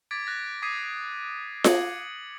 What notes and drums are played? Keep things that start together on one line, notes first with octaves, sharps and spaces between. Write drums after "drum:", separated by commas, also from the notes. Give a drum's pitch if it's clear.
D6 G#6 A6 B6 D7
F#6 A6 A#6
D6 D#6 G#6 B6 C7 D#7
G#6 C#7 F#7, drum: snare F4